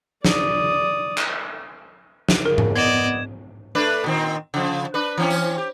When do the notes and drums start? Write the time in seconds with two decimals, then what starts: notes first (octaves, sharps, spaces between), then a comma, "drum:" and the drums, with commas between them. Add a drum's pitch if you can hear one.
0.25 D5 D#6, drum: snare
1.18 drum: clap
2.29 drum: snare
2.45 C#3 A#4
2.58 drum: tom G#2
2.76 B3 D5 D#5 G#6 E7
3.75 A3 D4 B4
4.04 A#2 D#3 C4
4.54 C#3 F3
4.94 D4 B4
5.17 E3 C4 C#4
5.30 drum: tambourine
5.58 G4